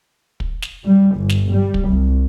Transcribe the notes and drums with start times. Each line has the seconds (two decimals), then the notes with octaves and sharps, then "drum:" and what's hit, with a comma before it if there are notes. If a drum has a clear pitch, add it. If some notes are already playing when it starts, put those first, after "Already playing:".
0.40 drum: kick
0.62 drum: snare
0.85 G3
1.16 G1
1.29 drum: snare
1.51 G3
1.74 drum: kick
1.90 C2